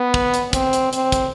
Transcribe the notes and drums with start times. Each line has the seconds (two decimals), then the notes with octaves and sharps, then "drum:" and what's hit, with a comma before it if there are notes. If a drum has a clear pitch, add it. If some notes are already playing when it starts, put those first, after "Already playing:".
Already playing: B3
0.14 drum: kick
0.34 drum: hi-hat
0.53 C4, drum: kick, hi-hat
0.73 drum: hi-hat
0.93 C4, drum: hi-hat
1.12 drum: kick, hi-hat